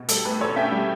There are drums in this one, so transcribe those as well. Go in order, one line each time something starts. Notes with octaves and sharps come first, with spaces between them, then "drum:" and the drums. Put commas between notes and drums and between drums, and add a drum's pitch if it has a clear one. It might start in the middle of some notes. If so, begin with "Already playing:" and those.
Already playing: B2
G3 A4, drum: hi-hat
A2 B4
A1 A4 C#5
C#4 E5 G5
G3